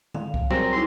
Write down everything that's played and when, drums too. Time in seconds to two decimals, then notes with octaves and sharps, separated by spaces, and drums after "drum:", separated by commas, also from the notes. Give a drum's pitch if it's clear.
0.14 F5, drum: tom
0.34 drum: kick C2
0.51 F#3 G3 C4 G#4 A#4 A#5
0.73 D#4 E4 C6 D6